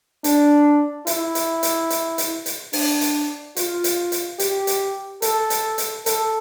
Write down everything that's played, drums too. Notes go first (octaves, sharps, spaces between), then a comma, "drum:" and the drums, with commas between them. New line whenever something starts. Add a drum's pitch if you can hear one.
D4, drum: hi-hat
E4, drum: hi-hat
drum: hi-hat
drum: hi-hat
drum: hi-hat
drum: hi-hat
drum: hi-hat
D4, drum: open hi-hat
drum: hi-hat
F4, drum: hi-hat
drum: hi-hat
drum: hi-hat
G4, drum: hi-hat
drum: hi-hat
A4, drum: hi-hat
drum: hi-hat
drum: hi-hat
A4, drum: hi-hat